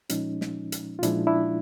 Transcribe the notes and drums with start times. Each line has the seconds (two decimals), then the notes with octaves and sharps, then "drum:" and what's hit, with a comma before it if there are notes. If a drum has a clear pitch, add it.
0.09 A#2 F3 G#3 C#4 D#4, drum: hi-hat
0.41 drum: snare
0.72 drum: hi-hat
0.99 F4
1.03 A#2 F3 G#3 D4 E4, drum: hi-hat
1.27 D4 E4